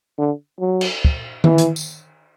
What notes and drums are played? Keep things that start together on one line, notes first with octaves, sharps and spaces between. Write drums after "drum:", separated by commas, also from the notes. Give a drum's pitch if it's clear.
D3
F#3
drum: cymbal
drum: kick
E3, drum: tom D#3
drum: hi-hat
drum: tambourine